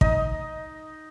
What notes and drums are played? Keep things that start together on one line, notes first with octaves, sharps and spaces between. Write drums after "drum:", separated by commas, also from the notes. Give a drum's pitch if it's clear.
D#4 D#5 D#6, drum: kick